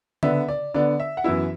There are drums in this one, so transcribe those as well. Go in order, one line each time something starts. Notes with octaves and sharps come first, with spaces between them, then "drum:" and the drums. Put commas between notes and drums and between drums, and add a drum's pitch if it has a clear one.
D3 B3 D4 E5, drum: tom C#3
D5
D3 B3 D4 D5
E5
F#5
F#2 E3 B3 E4 E5